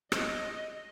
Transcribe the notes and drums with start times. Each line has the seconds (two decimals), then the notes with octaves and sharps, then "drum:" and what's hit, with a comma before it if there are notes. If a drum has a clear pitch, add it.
0.12 D#5, drum: rim click